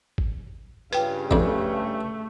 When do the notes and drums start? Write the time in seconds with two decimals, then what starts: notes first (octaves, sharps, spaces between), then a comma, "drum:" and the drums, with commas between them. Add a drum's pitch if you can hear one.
0.18 drum: kick
0.93 G2 C#3 F4 B4 G5, drum: hi-hat
1.31 F2 A3 D4, drum: kick